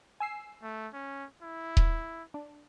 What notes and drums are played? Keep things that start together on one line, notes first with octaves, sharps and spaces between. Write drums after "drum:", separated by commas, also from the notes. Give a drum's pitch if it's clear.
G#5 E6 C7
A3
C#4
E4
drum: kick D#1
D4